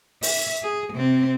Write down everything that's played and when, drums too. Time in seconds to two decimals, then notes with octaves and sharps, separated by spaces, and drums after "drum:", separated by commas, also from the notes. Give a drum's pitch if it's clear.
0.23 E5, drum: open hi-hat
0.63 G#4
0.93 C3 C4